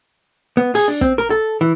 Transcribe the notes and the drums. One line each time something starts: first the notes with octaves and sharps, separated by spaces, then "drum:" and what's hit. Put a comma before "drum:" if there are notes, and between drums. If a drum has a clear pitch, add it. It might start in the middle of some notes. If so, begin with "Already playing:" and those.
B3
G#4, drum: open hi-hat
D4
C4, drum: kick
A#4
A4
E3